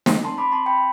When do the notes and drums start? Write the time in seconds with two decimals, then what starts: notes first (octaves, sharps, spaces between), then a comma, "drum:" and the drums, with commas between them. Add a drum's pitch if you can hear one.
0.06 drum: snare
0.24 C4 A5 C6
0.38 B5 D6
0.52 C4 A5 C6
0.66 G5 B5